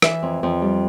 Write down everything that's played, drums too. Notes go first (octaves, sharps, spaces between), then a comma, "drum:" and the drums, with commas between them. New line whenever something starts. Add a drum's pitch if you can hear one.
E3 E5, drum: rim click
F2
F2
G3